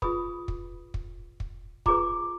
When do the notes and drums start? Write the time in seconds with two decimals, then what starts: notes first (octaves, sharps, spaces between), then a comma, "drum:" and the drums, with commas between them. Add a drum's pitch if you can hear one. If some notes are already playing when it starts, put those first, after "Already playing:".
0.02 F4 G#4 B4 B5 D#6, drum: kick
0.48 drum: kick
0.94 drum: kick
1.40 drum: kick
1.86 F4 G#4 B4 A#5 D6, drum: kick